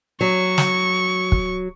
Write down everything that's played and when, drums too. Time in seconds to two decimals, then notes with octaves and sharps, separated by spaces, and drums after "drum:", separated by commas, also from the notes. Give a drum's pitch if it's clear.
0.21 F#3 C#6
0.58 drum: snare
1.32 drum: kick